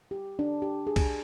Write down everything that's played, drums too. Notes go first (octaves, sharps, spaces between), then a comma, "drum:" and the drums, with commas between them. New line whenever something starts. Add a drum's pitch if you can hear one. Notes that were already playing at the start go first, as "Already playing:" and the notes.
G4
D4
G4
G#4
drum: kick, cymbal